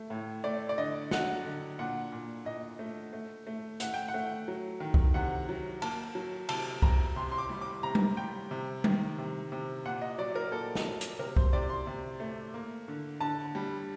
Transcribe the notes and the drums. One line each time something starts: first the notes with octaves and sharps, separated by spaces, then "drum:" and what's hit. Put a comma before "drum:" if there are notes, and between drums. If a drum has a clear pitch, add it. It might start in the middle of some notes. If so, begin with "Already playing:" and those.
Already playing: A3
A2
A3 D5
D5
D3 D#5
F#3 F#5, drum: snare
D3
A#2 F#5
A#2
A#2 D#5
A3
A3
A3
A3 F#5, drum: hi-hat
G5
F#5
A3
F#3
D#3
drum: kick C2
C3 F#5
F#3
A#3 A5, drum: cymbal
F#3
C3 A5, drum: cymbal
C3 A#5, drum: kick C2
C3 C6
C6
D6
G3
D6
C3 A#5
drum: tom G3
G3 G5
C3
D#3, drum: tom G3
C3
C3
A#2 F#5
D#5
F#3 D5
A#4
A#2 A4
drum: snare
F#3
drum: hi-hat
C3 A#4
C5, drum: kick C2
C3 D5
C6
C3
A3
A#3
D3
D3 A5
G3